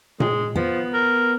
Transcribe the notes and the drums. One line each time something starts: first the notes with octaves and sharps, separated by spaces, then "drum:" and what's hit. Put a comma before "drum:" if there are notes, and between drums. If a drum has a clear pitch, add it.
G#3, drum: tom A#2
F3 B3
A#4